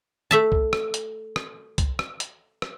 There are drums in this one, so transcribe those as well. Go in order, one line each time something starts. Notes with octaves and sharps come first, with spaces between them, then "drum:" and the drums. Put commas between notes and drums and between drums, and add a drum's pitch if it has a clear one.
A3 E5 A5
drum: kick C2
drum: rim click
drum: hi-hat
drum: rim click
drum: kick C2, hi-hat
drum: rim click
drum: hi-hat
drum: rim click